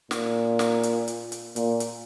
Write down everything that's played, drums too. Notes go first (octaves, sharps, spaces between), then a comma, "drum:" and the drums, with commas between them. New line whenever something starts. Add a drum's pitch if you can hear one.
A#2, drum: snare
drum: snare
drum: hi-hat
drum: hi-hat
drum: hi-hat
A#2, drum: hi-hat
drum: hi-hat